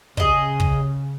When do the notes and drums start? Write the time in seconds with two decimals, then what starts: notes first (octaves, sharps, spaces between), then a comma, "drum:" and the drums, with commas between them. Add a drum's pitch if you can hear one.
0.17 C#3 G#4 D#5, drum: kick
0.60 drum: kick